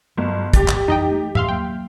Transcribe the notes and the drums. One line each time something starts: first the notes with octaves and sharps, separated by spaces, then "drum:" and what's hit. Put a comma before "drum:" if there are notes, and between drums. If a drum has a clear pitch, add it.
G1 F#3
G1 E2 A2 G4 A6, drum: kick, hi-hat
drum: clap
F2 E3 G3 D#4 D#5 G5
A3
A1 D#2 E5 F5 C6, drum: tom
F#3 A#3 G5